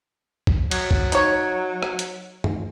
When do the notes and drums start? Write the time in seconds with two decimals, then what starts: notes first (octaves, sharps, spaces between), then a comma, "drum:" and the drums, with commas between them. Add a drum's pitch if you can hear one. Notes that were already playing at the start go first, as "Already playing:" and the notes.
0.47 drum: kick
0.71 F#3, drum: cymbal
0.91 drum: kick
1.12 D#4 C#5, drum: hi-hat
1.83 drum: rim click
1.99 drum: hi-hat
2.44 drum: tom